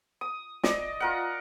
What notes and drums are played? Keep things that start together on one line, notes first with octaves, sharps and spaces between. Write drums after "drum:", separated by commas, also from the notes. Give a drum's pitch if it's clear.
D#6
D5 D#5, drum: snare
F4 A#4 F#5